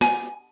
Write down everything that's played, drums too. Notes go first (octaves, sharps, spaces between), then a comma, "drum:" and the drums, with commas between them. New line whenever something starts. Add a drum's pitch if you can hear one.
G#5, drum: snare